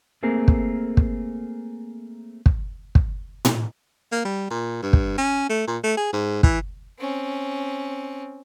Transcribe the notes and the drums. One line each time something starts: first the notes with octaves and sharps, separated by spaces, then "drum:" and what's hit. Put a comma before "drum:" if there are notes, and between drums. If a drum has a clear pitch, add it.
A3 A#3 C4 G#4 A#4
drum: kick
drum: kick
drum: kick
drum: kick
drum: tom A2
A#3
G3
A#2
G2
drum: kick
C#4
A3
A#2
A3
G#4
G#2
E3, drum: kick
C4 C#4